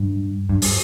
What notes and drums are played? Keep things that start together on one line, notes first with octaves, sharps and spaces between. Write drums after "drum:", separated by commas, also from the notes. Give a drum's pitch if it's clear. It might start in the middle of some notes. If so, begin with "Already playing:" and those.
Already playing: G2
G2
drum: open hi-hat